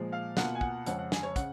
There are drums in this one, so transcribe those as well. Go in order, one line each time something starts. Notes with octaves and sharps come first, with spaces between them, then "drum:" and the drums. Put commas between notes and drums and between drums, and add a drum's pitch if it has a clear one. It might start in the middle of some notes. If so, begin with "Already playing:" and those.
Already playing: A#2 F3 G#3
F5
B2 A#3 F4 F#5, drum: snare
G#5
F#5, drum: kick
F2 C#3 G#3 C#4 F#5, drum: hi-hat
F#5
G#5, drum: snare
C#5
C#3 F#5, drum: kick, hi-hat